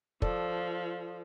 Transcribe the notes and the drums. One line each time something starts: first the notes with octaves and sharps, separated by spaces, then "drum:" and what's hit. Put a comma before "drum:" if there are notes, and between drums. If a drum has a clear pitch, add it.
F3 A4 D5, drum: kick